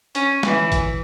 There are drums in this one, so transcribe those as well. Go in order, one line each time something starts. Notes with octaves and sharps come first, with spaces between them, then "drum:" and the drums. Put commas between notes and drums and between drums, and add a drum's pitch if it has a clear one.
C#4, drum: hi-hat
E3, drum: snare
drum: kick G#1, hi-hat